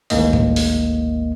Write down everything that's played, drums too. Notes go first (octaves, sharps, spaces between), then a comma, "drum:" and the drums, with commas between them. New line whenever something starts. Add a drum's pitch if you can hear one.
G#1 D2 G#2 A#3 D#5, drum: open hi-hat
drum: tom
drum: open hi-hat